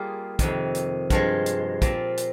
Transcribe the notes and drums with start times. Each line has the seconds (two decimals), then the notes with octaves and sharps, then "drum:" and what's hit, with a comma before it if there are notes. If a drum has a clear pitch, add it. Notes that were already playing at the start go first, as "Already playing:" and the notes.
Already playing: G3 A#3 F4 G#4
0.39 F2 C3 D#3, drum: kick, hi-hat
0.75 drum: hi-hat
1.10 G2 F3 G#3, drum: kick, hi-hat
1.46 drum: hi-hat
1.82 A#2 F3 C4, drum: kick, hi-hat
2.18 drum: hi-hat